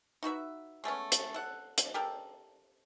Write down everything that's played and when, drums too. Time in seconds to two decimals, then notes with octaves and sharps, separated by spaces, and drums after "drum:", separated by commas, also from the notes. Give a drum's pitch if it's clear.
0.23 D#4 F#4 B4 E5
0.84 G#3 A3 B3 C#4
1.12 drum: hi-hat
1.34 A4 F#5
1.78 drum: hi-hat
1.94 G4 A4 A#4